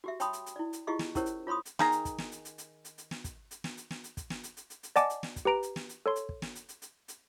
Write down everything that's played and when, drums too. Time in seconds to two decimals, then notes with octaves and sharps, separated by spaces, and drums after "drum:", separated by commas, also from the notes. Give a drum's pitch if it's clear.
0.04 F#4 G4 E5
0.20 C#5 G5 A5 B5 C6 D#6, drum: hi-hat
0.33 drum: hi-hat
0.46 drum: hi-hat
0.56 E4 D5
0.73 drum: hi-hat
0.87 E4 F4 G4 G#4 D#5 C#6
0.99 drum: snare
1.15 C#4 E4 G4 A#4 C5 C#5, drum: kick, hi-hat
1.26 drum: hi-hat
1.47 F4 C#5 B5 C6 D#6
1.65 drum: hi-hat
1.79 D#3 G#4 A#5, drum: snare
1.92 drum: hi-hat
2.05 drum: kick, hi-hat
2.18 drum: snare
2.32 drum: hi-hat
2.45 drum: hi-hat
2.58 drum: hi-hat
2.85 drum: hi-hat
2.98 drum: hi-hat
3.11 drum: snare
3.24 drum: kick, hi-hat
3.51 drum: hi-hat
3.64 drum: snare
3.77 drum: hi-hat
3.91 drum: snare
4.04 drum: hi-hat
4.17 drum: kick, hi-hat
4.30 drum: snare
4.43 drum: hi-hat
4.57 drum: hi-hat
4.70 drum: hi-hat
4.83 drum: hi-hat
4.96 D5 D#5 F#5 G#5 A5 D6, drum: hi-hat
5.10 drum: hi-hat
5.23 drum: snare
5.36 drum: kick, hi-hat
5.45 G4 B4 A#5 D7
5.63 drum: hi-hat
5.76 drum: snare
5.89 drum: hi-hat
6.06 A4 C#5 C6
6.16 drum: hi-hat
6.29 drum: kick
6.42 drum: snare
6.55 drum: hi-hat
6.69 drum: hi-hat
6.82 drum: hi-hat
7.08 drum: hi-hat